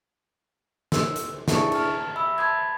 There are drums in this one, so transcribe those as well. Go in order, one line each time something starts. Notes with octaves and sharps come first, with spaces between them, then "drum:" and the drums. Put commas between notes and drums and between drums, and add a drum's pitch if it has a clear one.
C6 E6, drum: snare
drum: hi-hat
D4 E4 G#4 E5 A5 C#6, drum: snare
A5 F6, drum: cymbal
E5 B5 E6
A5 B5 C6 D#6 G6 G#6